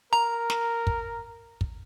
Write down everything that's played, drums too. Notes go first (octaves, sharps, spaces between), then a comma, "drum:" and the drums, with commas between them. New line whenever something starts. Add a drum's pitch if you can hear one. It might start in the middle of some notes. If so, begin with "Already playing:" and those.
A#4 A#5
drum: snare
drum: kick
drum: kick